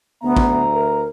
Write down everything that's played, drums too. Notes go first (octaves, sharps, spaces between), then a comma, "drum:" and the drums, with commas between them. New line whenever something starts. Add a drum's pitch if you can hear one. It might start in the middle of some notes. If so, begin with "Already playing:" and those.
D2 B3 E5 A#5
drum: kick A1
A#4